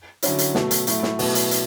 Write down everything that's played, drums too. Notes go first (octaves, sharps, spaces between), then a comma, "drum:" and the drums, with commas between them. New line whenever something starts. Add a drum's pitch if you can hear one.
D3 F#3 C#4 E4, drum: hi-hat
drum: hi-hat
B2 F#3 A3, drum: snare
drum: hi-hat
A2 F#3 A3 E4, drum: hi-hat
drum: snare
B2 F#3 A3 E4, drum: open hi-hat
drum: hi-hat
drum: hi-hat